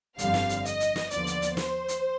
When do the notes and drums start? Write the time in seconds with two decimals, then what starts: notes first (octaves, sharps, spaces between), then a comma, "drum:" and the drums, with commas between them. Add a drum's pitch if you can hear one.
0.18 G1 F2 D3 G3 F5, drum: hi-hat
0.34 drum: snare
0.49 drum: hi-hat
0.65 D#5, drum: hi-hat
0.80 drum: hi-hat
0.96 drum: snare
1.10 D#2 D3 F3 B3 D5, drum: hi-hat
1.27 drum: hi-hat
1.42 drum: hi-hat
1.57 C5, drum: snare
1.88 drum: hi-hat